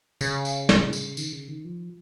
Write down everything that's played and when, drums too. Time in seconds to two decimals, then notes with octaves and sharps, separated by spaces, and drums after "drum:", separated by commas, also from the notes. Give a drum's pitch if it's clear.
0.21 C#3, drum: tambourine
0.45 drum: tambourine
0.69 drum: snare
0.93 drum: tambourine
1.17 D#3, drum: tambourine
1.32 C#3
1.48 D#3
1.65 F3